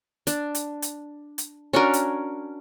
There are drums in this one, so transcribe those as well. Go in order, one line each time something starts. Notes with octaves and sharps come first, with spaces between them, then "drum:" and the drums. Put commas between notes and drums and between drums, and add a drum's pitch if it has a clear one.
D4, drum: hi-hat
drum: hi-hat
drum: hi-hat
drum: hi-hat
C#4 D4 F#4 A#4
drum: hi-hat